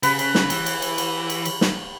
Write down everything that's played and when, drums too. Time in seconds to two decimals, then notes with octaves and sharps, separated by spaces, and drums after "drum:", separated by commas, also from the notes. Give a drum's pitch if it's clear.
0.03 C#3 B4, drum: cymbal
0.19 drum: cymbal
0.35 drum: snare
0.50 E3, drum: cymbal
0.66 drum: cymbal
0.82 drum: cymbal
0.98 drum: cymbal
1.30 drum: cymbal
1.45 drum: cymbal
1.61 drum: snare